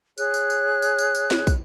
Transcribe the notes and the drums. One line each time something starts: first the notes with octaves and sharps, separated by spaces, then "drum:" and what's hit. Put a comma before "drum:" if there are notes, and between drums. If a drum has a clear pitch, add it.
G#4 C#5 F#6, drum: tambourine
drum: tambourine
drum: tambourine
drum: tambourine
drum: tambourine
drum: tambourine
drum: snare
drum: kick, tambourine